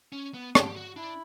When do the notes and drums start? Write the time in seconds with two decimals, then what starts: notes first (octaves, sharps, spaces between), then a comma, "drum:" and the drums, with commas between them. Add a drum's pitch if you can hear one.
0.12 C#4
0.34 B3
0.55 D4 G4, drum: rim click
0.66 G4
0.76 F#4
0.96 D4 E4